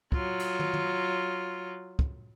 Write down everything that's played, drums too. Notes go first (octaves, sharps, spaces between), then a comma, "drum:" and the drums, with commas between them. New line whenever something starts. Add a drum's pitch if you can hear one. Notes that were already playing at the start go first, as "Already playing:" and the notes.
F#3 F4, drum: kick
drum: cymbal
drum: tom
drum: tom
drum: kick